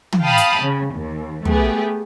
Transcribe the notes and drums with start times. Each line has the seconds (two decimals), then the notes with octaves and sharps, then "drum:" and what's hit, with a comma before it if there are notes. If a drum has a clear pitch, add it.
0.12 drum: tom
0.22 F5 G5 A5 B5 D#6 F6
0.37 drum: hi-hat
0.61 C#3
0.94 D#2
1.45 A3 B3 G4 G#4, drum: tom